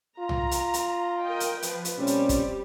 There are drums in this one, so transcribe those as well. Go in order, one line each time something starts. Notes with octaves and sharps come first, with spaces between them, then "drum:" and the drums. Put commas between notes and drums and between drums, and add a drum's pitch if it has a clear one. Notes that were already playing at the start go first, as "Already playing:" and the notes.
F4 A#5
drum: tom C2
drum: hi-hat
drum: hi-hat
A#4 D#5 G5
drum: hi-hat
F3 B4, drum: hi-hat
drum: hi-hat
A#2 G3 C4 C#4 G4
drum: hi-hat
drum: kick, hi-hat